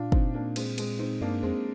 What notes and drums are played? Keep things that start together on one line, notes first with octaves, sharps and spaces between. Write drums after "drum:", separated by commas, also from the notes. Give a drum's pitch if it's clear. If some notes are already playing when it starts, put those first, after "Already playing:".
Already playing: A#2 D4 F4
C4 D#4, drum: kick
A#3 D4
G#3 C4, drum: cymbal
G#3 C4, drum: cymbal
C4 D#4
G2 A#3 D4
F2 G#3 C4